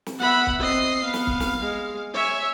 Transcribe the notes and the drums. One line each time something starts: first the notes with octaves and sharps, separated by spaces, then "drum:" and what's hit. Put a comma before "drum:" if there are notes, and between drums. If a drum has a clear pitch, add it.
drum: snare
B3 E5 F#5 B5
drum: kick
C4 D#5 C7
B3 F5
drum: snare
drum: kick
drum: snare
G#3
C#5 E5 G#5